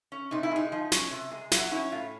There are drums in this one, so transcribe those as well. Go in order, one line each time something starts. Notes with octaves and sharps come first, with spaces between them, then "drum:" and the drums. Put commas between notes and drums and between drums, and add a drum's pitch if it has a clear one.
C#4
C3 D#4
E4
G#3 D#4
F3
C#4, drum: snare
C3
G#3
F#3 E4, drum: snare
C#4 E4
A2 F4